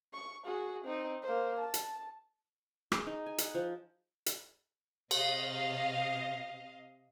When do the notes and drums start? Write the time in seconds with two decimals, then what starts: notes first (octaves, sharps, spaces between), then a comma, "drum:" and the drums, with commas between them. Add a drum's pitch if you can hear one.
0.14 C#6
0.45 F#4 G#4
0.85 C4 D#4
1.23 A#3 C5
1.60 A5
1.74 drum: hi-hat
2.92 G#4, drum: rim click
3.07 D#4
3.26 G#5
3.38 F#5, drum: hi-hat
3.55 F3
4.26 drum: hi-hat
5.11 C3 D#5 F5, drum: cymbal